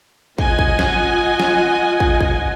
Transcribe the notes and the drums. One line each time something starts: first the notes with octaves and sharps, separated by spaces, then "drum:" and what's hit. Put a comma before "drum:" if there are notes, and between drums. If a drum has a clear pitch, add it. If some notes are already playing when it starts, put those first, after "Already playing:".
F4 D#5 F#5 G#5, drum: kick
drum: kick
drum: snare
drum: snare
drum: kick
drum: kick